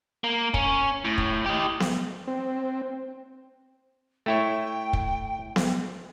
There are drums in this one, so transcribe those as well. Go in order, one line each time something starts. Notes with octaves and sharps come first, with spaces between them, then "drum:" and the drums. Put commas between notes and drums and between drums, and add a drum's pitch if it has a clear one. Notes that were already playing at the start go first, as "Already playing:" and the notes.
A#3
C#4, drum: kick
A2
drum: kick
G4 D#5
drum: snare B3
C4
A3 E4 C#5 G5
drum: kick
drum: snare B3